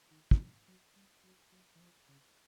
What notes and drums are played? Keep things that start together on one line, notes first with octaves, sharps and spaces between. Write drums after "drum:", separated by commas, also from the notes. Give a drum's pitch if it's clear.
D#3
E3, drum: kick
F3
F#3
G3
F#3
F#3
E3
F3
C#3